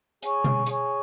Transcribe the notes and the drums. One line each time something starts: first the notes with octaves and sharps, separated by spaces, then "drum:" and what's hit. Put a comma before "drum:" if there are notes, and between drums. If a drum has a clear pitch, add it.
G#4 C#5 G#5 C#6, drum: hi-hat
drum: tom B2
G#4 C#5 G#5 C#6, drum: hi-hat